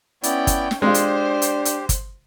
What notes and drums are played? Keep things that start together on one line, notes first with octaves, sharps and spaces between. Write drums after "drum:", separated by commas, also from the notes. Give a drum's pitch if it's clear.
B3 C#4 E4 D5 G5, drum: hi-hat
drum: kick G1, hi-hat
drum: snare
G#3 D4 F4 G4 C5
drum: hi-hat
drum: hi-hat
drum: hi-hat
drum: kick G1, hi-hat